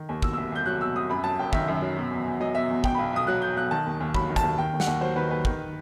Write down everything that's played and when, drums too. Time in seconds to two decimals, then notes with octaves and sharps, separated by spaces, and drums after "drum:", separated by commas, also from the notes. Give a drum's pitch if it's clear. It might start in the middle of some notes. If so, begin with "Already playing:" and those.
Already playing: D#3
0.09 D#2
0.22 B2 E6, drum: kick
0.33 E6
0.37 C2
0.52 C2 G6
0.66 F#3 F#6
0.81 B2 E6
0.95 C2 D#6
1.10 F#2 B5
1.24 F#3 A5
1.39 F#1 G5
1.53 D#3 E5, drum: kick
1.68 F#2
1.82 F#3
1.97 B2
2.11 E2
2.26 E2
2.40 F#3 D#5
2.55 B2 E5
2.70 E2
2.84 B2 G5, drum: kick
2.95 B5
2.98 B1
3.13 B1 D#6
3.27 F#3 F#6
3.42 B2 G6
3.56 B1 F#6
3.71 D#3 A5
3.86 D#2
4.00 D#2
4.14 F#3 B5, drum: kick
4.29 D#3
4.36 A5, drum: kick, hi-hat
4.43 D#2
4.58 D#3 G5
4.73 D#2
4.80 F#5, drum: snare
4.87 D#2
5.01 F#3 C5
5.16 D#3 B4
5.30 D#2 B4
5.45 D#3, drum: kick